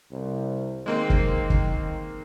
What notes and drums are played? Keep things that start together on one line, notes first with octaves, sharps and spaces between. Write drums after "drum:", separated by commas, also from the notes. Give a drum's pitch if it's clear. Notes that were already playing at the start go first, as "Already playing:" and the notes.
C2
D#3 G#3 A#3 C4
drum: kick
drum: kick